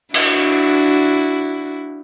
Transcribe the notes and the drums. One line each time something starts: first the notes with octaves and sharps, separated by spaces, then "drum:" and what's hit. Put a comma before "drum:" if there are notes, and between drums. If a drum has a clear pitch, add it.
D4 E4 F#4, drum: cymbal